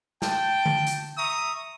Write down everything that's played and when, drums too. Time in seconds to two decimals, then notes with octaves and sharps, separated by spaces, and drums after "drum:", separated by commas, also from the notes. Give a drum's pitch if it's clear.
0.22 G5 A5, drum: snare
0.66 drum: tom D3
0.87 drum: hi-hat
1.17 E5 A#5 C#6 D#6